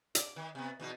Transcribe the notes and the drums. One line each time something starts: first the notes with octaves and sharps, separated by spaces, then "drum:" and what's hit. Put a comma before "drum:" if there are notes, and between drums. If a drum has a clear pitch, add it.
D5, drum: hi-hat
D#3
C3 B3
E2 B2 D#4